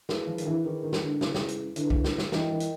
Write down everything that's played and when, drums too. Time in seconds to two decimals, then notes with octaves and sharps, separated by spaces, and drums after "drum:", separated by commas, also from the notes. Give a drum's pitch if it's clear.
0.09 A#3 E4 G#4 B4, drum: snare
0.27 F3
0.38 D#3, drum: hi-hat
0.47 E3
0.64 D#3 E4 G#4 B4
0.83 D#3
0.93 drum: snare
1.02 D3
1.21 C#3 E4 G#4 B4, drum: snare
1.34 drum: snare
1.48 drum: hi-hat
1.76 D3 E4 G#4 B4, drum: hi-hat
1.90 drum: kick
2.04 drum: snare
2.18 drum: snare
2.32 E3 F4 A#4 D#5 G5, drum: snare
2.50 E3
2.60 drum: hi-hat